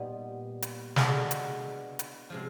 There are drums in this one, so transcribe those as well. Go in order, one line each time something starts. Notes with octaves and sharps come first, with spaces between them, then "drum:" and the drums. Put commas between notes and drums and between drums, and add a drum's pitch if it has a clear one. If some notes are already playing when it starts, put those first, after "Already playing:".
Already playing: A#2 G3 B3 D#4
drum: hi-hat
G#3 B3 D4 F#4 A4, drum: snare
drum: hi-hat
drum: hi-hat
C3 F3 G#3